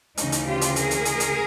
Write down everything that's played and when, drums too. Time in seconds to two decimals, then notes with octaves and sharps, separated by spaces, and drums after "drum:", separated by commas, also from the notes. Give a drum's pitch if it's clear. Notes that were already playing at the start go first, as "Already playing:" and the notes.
0.17 D2 C#3 E3 C#4 D#4, drum: hi-hat
0.32 drum: hi-hat
0.46 F4 G4
0.61 drum: hi-hat
0.76 G#4 A#4, drum: hi-hat
0.91 drum: hi-hat
1.05 drum: hi-hat
1.20 drum: hi-hat